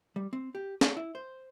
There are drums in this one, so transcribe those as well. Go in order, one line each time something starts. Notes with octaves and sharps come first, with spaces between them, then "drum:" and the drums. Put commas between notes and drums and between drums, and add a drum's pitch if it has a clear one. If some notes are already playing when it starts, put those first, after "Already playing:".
G3
C4
G4
G#4, drum: snare
E4
C5